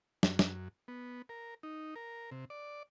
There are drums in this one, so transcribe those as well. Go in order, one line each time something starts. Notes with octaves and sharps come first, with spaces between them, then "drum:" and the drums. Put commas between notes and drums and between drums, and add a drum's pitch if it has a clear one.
F#2, drum: snare
drum: snare
B3
A#4
D#4
A#4
C3
D5